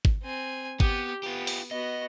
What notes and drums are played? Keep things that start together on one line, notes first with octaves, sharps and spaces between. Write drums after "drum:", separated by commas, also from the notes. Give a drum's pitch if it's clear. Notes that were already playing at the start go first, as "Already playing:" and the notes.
drum: kick G#1
C4 G#5
B3 G4, drum: kick G#1
B3 F4 G4
drum: open hi-hat
B3 F#4 D#5